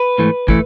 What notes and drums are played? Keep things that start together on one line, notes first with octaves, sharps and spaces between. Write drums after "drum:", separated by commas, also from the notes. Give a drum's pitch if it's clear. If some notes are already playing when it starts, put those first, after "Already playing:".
Already playing: B4
G#2 E3 A3
E3 A3, drum: kick